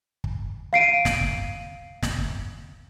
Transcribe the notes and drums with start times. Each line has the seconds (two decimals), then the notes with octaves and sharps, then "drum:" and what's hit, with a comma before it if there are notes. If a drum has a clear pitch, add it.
0.24 drum: kick
0.73 F5 C7 D7 D#7
1.05 drum: snare
1.21 drum: kick
2.03 drum: snare
2.19 drum: kick